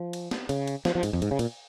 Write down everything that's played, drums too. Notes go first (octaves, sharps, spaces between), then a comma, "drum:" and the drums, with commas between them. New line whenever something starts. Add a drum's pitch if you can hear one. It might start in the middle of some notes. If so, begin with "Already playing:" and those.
Already playing: F3
drum: cymbal
drum: snare
C#3, drum: cymbal
drum: cymbal
F3, drum: snare
F3
G#2, drum: cymbal
F2
G#2, drum: cymbal
C#3
A#2, drum: cymbal